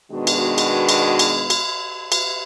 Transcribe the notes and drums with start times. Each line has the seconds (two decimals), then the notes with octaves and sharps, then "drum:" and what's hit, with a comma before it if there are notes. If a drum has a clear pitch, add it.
0.12 B2 D#3 G#3 B3 D4 F#4
0.27 drum: cymbal
0.58 drum: cymbal
0.89 drum: cymbal
1.19 drum: cymbal
1.50 drum: cymbal
2.12 drum: cymbal